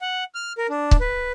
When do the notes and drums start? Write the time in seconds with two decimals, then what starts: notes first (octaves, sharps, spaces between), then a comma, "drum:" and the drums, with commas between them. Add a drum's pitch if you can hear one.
0.01 F#5
0.35 F6
0.58 A#4
0.70 D4
0.91 drum: kick C#1
1.01 B4